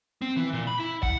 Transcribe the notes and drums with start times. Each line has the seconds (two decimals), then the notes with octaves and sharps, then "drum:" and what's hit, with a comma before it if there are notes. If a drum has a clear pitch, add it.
0.22 C4
0.37 E3
0.53 A#2
0.67 B5
0.80 E4
1.03 F#5, drum: kick